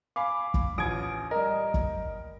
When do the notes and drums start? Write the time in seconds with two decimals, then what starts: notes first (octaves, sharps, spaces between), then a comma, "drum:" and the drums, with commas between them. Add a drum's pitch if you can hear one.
0.16 F5 G#5 B5 D6
0.54 drum: kick
0.78 A1 F3 D#6 G#6 D7
1.31 G3 A#4 D#5
1.74 drum: kick